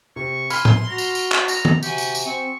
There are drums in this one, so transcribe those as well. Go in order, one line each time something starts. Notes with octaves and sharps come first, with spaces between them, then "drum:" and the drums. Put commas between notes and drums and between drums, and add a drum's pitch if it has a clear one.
C3 C#6
G#5 B5 C6 F6, drum: tambourine
drum: tom A2
F#4 A#5
drum: tambourine
drum: tambourine
drum: clap
A#5, drum: tambourine
drum: tom D#3
C3 F#4 G4 G#5, drum: tambourine
drum: tambourine
drum: tambourine
C4 C#6